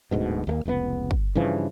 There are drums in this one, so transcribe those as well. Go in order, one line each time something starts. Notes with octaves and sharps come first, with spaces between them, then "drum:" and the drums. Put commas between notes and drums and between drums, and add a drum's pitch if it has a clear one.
D1 D2 G#2 B2
D#2 A3 A#3
F1 C#2 D3 B3
drum: kick
G2 C#3 E3 F3